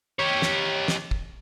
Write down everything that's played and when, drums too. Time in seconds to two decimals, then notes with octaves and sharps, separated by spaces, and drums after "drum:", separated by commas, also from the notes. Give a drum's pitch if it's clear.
0.19 G4 C#5
0.42 drum: snare
0.88 drum: snare
1.11 drum: kick